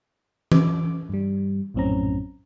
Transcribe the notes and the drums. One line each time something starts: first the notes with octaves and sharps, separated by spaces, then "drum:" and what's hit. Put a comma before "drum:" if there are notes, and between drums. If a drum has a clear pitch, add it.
D6, drum: tom E3
G2 G3
A#1 F#2 A2 C4 C#4 A#5